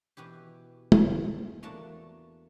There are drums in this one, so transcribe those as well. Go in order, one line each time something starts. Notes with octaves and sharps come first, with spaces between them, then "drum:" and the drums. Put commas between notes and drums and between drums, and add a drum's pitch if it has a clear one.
B2 E3 E4 G4
E3 F4 D#5 A5 C6, drum: tom
E2 A3 A#3 D4 F#4 A5